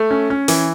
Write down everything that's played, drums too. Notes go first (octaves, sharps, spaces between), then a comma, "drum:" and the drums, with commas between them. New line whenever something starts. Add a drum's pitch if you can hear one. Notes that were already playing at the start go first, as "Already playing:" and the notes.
Already playing: A3
C#4
C#4
E3, drum: open hi-hat